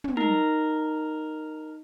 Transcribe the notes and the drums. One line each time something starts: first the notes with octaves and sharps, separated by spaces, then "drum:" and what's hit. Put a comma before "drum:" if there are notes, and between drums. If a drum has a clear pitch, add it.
drum: tom
D#4 A#4